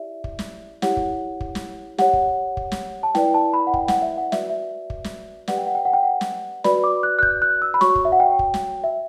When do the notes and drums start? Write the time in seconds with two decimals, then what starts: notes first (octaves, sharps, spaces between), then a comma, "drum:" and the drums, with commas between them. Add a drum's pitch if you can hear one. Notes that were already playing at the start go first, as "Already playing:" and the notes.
Already playing: E4 G4 D5 E5
0.24 drum: kick
0.39 drum: snare
0.82 E4 G4 C#5 F#5, drum: snare
0.97 drum: kick
1.41 drum: kick
1.55 drum: snare
1.98 G4 C#5 F#5, drum: snare
2.13 drum: kick
2.57 drum: kick
2.72 drum: snare
3.03 A5
3.15 E4 B4 D5 G5, drum: snare
3.34 A5
3.54 B5
3.67 F#5
3.74 G5, drum: kick
3.88 F#5, drum: snare
4.02 E5
4.17 F#5
4.32 F#4 B4 D5 E5, drum: snare
4.50 E5
4.90 drum: kick
5.04 drum: snare
5.48 G4 B4 D5 F#5, drum: snare
5.58 G5
5.67 F#5
5.75 G5
5.85 F#5
5.94 G5
6.03 F#5
6.21 drum: snare
6.64 F#4 B4 D5 B5, drum: snare
6.84 D6
7.03 F#6
7.19 F#6
7.23 G6, drum: kick
7.42 F#6
7.62 E6
7.74 B5
7.81 F#4 C#5 C#6, drum: snare
7.95 drum: kick
8.05 E5
8.12 F#5
8.20 G5
8.39 drum: kick
8.54 drum: snare
8.84 E5